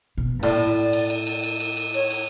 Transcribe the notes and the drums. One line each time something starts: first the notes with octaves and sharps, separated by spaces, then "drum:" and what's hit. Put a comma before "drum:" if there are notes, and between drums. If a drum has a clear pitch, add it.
B2
G2
A2 D5, drum: cymbal
D5
drum: cymbal
drum: cymbal
drum: cymbal
drum: cymbal
drum: cymbal
drum: cymbal
C#5, drum: cymbal
drum: cymbal